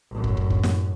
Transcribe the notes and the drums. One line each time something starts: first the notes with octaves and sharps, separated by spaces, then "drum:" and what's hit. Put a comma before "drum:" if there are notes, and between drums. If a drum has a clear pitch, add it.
A1 F#2
drum: kick
drum: kick
drum: kick
drum: snare